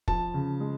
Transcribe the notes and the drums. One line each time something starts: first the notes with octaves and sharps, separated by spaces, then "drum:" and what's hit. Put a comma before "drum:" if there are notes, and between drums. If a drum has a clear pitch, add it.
F3 A5, drum: kick
C#3
G#3